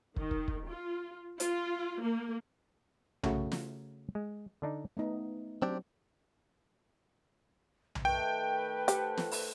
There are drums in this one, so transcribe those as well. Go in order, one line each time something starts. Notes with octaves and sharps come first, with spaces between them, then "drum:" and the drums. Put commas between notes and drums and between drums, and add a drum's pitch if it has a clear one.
D#3, drum: kick
drum: kick
drum: kick
F4
F4, drum: hi-hat
A#3
C#3 A3 F#4, drum: tom B1
drum: snare
G#3
D3 D4 D#4
A3 B3 D#4
F#3 C4 D4 G4
drum: tom B1
D#3 A3 B4 G5
G4 A4 C5 F#5, drum: hi-hat
drum: snare
drum: open hi-hat